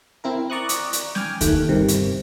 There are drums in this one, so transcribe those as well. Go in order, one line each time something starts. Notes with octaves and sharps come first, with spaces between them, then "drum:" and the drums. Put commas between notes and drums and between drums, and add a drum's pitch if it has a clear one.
C4 E4 A#4
D5 A#5 C#6 D#6 F#6
drum: hi-hat
drum: hi-hat
G5 G#5 D6 F6, drum: snare
D#2 A3 F#6, drum: kick, hi-hat
G1 C3 D#3
drum: hi-hat